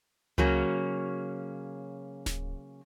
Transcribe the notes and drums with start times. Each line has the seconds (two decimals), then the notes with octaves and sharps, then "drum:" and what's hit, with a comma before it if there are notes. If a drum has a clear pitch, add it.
0.38 C#3 F#3 A#3 C#4, drum: tom C#2
2.26 drum: snare D1